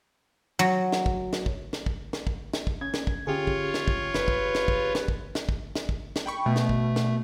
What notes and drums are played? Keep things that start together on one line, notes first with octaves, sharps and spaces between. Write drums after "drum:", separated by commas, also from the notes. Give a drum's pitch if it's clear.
F#3
drum: snare
drum: kick
drum: snare
drum: kick
drum: snare
drum: kick
drum: snare
drum: kick
drum: snare
drum: kick
C#4 G#6
drum: snare
drum: kick
D3 C#4 F4 G4 G#4 C#5
drum: kick
drum: snare
drum: kick
F#1 B4, drum: snare
drum: kick
drum: snare
drum: kick
drum: snare
drum: kick
drum: snare
drum: kick
drum: snare
drum: kick
drum: snare
G5 B5 C#6
B2 A3
drum: snare
drum: kick
drum: snare